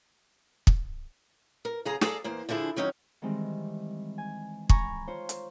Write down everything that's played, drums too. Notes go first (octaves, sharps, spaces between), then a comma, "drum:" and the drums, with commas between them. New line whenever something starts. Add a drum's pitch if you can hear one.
drum: kick
A#4
F#2 C#3 G#4 F5 A#5
G#4 A4 D5 F5 A5 A#5, drum: snare
E2 A#3 C5
D3 F3 D4 E4 G#4
D#3 F#3 C#4 D#4 C#5
D#3 E3 G3 G#3 C4
G#5
G#5 A#5 B5 C#6, drum: kick
F4 C5 C#5
drum: hi-hat